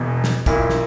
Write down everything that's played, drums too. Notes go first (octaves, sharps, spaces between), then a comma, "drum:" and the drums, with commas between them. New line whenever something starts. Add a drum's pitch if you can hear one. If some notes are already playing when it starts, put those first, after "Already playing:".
Already playing: E1 E2 B2
drum: snare
B1 A#2 A#3 E4, drum: kick, hi-hat
drum: snare